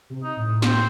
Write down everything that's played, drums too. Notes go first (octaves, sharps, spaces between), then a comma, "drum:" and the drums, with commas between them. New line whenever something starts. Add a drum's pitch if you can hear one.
C3
D#4
A2
C4, drum: snare